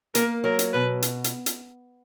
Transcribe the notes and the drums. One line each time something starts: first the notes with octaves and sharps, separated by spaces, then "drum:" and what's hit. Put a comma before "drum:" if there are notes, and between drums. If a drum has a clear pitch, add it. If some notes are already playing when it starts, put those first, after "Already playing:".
A#3 A#4, drum: hi-hat
F#3 A#4
drum: hi-hat
B2 B4
drum: hi-hat
drum: hi-hat
drum: hi-hat